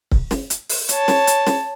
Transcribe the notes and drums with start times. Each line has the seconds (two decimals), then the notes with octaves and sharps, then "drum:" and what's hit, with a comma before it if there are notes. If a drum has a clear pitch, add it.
0.11 drum: kick C#1
0.31 drum: snare
0.50 drum: hi-hat
0.69 drum: open hi-hat
0.89 C#5 A5, drum: hi-hat
1.08 drum: snare
1.27 drum: hi-hat
1.47 drum: snare